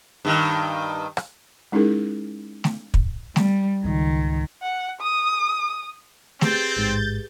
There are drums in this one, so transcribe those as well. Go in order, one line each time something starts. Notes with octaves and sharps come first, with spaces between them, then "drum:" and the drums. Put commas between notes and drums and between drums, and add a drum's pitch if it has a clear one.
G2 D#3
drum: rim click
G#3 C#4 D#4 E4 G#4 A#4
drum: snare A3
drum: kick
G3, drum: snare A3
C#2 G#2 D#3
F#5
D#6
C4 G4 G#4 B4 G6 A6, drum: snare A3
A1 G#2